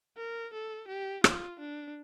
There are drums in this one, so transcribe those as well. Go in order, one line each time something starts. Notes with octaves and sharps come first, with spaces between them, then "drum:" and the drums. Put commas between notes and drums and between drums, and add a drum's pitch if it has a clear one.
A#4
A4
G4
F4, drum: rim click
D4